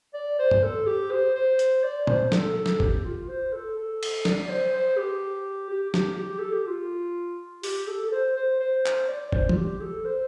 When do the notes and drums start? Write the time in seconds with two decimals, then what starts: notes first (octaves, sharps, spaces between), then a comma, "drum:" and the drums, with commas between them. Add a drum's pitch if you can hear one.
0.14 D5
0.38 C5
0.51 drum: tom
0.63 A4
0.87 G4
1.11 C5
1.35 C5
1.59 drum: hi-hat
1.83 D5
2.07 C5, drum: tom A#2
2.32 A4, drum: snare
2.56 A4
2.66 drum: snare
2.80 G4, drum: kick
3.04 F4
3.28 C5
3.53 A4
3.77 A4
4.03 drum: cymbal
4.25 D5, drum: snare
4.49 C5
4.74 C5
4.97 G4
5.70 G4
5.94 G4, drum: snare
6.18 G4
6.39 A4
6.53 G4
6.67 F4
7.63 G4, drum: open hi-hat
7.88 A4
8.07 A4
8.12 C5
8.36 C5
8.60 C5
8.86 drum: clap
9.08 D5
9.32 C5, drum: kick
9.49 F4, drum: tom
9.57 G4
9.81 A4
10.05 C5